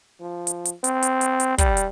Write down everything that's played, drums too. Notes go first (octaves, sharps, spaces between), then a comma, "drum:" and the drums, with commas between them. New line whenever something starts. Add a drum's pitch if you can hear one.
F3
drum: hi-hat
drum: hi-hat
C4, drum: hi-hat
drum: hi-hat
drum: hi-hat
drum: hi-hat
G3, drum: kick, hi-hat
drum: hi-hat